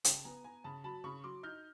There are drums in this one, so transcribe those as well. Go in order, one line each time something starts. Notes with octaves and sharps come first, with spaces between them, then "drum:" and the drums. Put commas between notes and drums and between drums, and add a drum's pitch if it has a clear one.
C#3 G5 A5, drum: hi-hat
B3 G#5 A#5
B3 G#5 A#5
C#3 A5 B5
F#3 A5 B5
C#3 B5 C#6
F#3 C6 D6
D#4 F6 G6